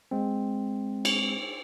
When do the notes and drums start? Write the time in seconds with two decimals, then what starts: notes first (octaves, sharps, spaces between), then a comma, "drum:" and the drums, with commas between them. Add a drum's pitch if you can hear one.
0.11 G#3 C4
1.05 drum: cymbal